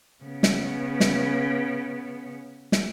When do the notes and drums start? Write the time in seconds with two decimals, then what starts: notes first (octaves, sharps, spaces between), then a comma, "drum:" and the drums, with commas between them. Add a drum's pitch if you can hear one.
0.24 C#3 B3
0.43 drum: snare
1.00 drum: snare
2.72 drum: snare